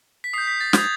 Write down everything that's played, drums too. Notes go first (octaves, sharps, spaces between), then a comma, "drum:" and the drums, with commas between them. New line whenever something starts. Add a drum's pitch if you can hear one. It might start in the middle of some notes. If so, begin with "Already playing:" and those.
B6
D#6 G6 C7
B6
A6
D#6 G6 G#6, drum: snare